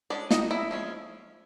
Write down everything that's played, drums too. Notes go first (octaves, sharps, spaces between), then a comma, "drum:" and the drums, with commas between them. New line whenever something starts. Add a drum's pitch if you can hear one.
G#3 C#4 D4 D5
D#4 D#5, drum: snare
E4 E5
F3 G#3 C#4